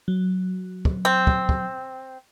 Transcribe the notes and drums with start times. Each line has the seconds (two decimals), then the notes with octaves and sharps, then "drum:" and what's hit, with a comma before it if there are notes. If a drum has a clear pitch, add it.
0.08 F#3
0.85 drum: kick
1.05 C4
1.27 drum: kick
1.49 drum: kick